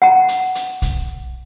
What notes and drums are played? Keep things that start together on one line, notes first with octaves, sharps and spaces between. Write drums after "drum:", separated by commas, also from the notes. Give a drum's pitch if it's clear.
F#5 A#5
drum: hi-hat
drum: hi-hat
drum: kick B1, hi-hat